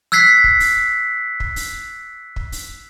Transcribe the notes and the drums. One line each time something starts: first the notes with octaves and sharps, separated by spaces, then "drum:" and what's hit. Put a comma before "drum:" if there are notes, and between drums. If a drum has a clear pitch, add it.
E6 F#6 G#6 B6 C7
drum: kick
drum: open hi-hat
drum: kick
drum: open hi-hat
drum: kick
drum: open hi-hat